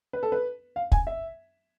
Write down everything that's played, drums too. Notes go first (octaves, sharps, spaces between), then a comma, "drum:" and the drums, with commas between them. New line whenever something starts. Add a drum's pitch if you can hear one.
B4
A4
B4
F5
G#5, drum: kick
E5